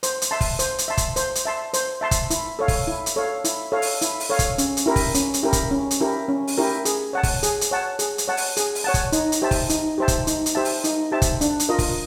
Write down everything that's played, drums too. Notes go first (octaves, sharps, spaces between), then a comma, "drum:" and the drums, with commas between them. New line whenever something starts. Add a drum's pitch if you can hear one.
C5, drum: hi-hat
drum: hi-hat
E5 A5 C6
drum: kick, open hi-hat
C5, drum: hi-hat
drum: hi-hat
E5 A5 C6
drum: kick, hi-hat
C5, drum: hi-hat
drum: hi-hat
E5 A5 C6
C5, drum: hi-hat
E5 A5 C6
drum: kick, hi-hat
E4, drum: hi-hat
A4 C#5 F5
drum: kick, open hi-hat
E4
drum: hi-hat
A4 C#5 F5
E4, drum: hi-hat
A4 C#5 F5
drum: open hi-hat
E4, drum: hi-hat
drum: open hi-hat
A4 C#5 F5
drum: kick, hi-hat
C#4, drum: hi-hat
drum: hi-hat
E4 G4 A#4
drum: kick, open hi-hat
C#4, drum: hi-hat
drum: hi-hat
E4 G4 A#4
drum: kick, hi-hat
C#4
drum: hi-hat
E4 G4 A#4
C#4
drum: open hi-hat
E4 G4 A#4
G#4, drum: hi-hat
C#5 F#5 A5
drum: kick, open hi-hat
G#4, drum: hi-hat
drum: hi-hat
C#5 F#5 A5
G#4, drum: hi-hat
drum: hi-hat
C#5 F#5 A5
drum: open hi-hat
G#4, drum: hi-hat
drum: open hi-hat
C#5 F#5 A5
drum: kick, hi-hat
D#4, drum: hi-hat
drum: hi-hat
G4 C5 E5 A5
drum: kick, open hi-hat
D#4, drum: hi-hat
G4 C5 E5 A5
drum: kick, hi-hat
D#4, drum: hi-hat
drum: hi-hat
G4 C5 E5 A5
drum: open hi-hat
D#4, drum: hi-hat
G4 C5 E5 A5
drum: kick, hi-hat
D4, drum: hi-hat
drum: hi-hat
F4 A#4 D#5
drum: kick, open hi-hat